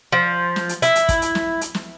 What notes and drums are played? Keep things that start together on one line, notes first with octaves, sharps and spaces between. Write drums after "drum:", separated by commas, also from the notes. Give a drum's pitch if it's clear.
F3
drum: snare
drum: hi-hat
E4, drum: hi-hat
drum: hi-hat
drum: kick, hi-hat
drum: hi-hat
drum: snare
drum: hi-hat
drum: snare